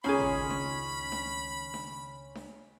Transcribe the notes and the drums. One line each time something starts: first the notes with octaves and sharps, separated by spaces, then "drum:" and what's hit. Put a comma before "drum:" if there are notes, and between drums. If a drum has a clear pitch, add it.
C#2 D#3 C#4 D#4 G#4 C#5 B5 C6
drum: tom G#1
drum: snare D4
drum: snare D4
drum: snare D4
drum: snare D4